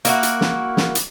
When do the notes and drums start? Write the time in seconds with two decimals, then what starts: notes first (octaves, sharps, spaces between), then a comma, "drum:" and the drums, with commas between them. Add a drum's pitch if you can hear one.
0.05 A#3 E4 F#4, drum: hi-hat
0.23 drum: hi-hat
0.41 drum: snare
0.77 drum: snare
0.95 drum: hi-hat